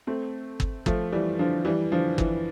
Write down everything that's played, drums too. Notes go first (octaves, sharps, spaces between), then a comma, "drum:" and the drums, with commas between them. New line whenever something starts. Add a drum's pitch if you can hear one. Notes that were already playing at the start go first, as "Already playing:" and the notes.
A3 C4
drum: kick
F3 A3, drum: kick
E3 G3
D3 F3
E3 G3
D3 F3
E3, drum: kick